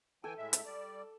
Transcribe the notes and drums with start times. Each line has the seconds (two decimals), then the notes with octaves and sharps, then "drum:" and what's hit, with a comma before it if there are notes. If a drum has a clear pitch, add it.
0.24 E3 A4 G5 G#5
0.38 A2 G#3 E5
0.53 drum: hi-hat
0.65 G3 D5